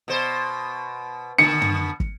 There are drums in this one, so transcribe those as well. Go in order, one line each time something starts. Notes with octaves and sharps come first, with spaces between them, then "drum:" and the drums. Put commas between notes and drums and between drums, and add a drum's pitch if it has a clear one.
B2 C5
B2 D3 C#7
drum: tom
drum: kick